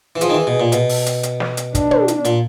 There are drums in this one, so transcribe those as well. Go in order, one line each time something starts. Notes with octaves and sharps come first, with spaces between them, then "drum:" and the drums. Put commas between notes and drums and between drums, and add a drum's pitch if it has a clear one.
E3
F3 G#4, drum: hi-hat
D#3
E3
B2
A#2
B2, drum: hi-hat
drum: open hi-hat
drum: hi-hat
drum: hi-hat
drum: snare
drum: hi-hat
D4, drum: kick, hi-hat
drum: tom
drum: hi-hat
A#2, drum: hi-hat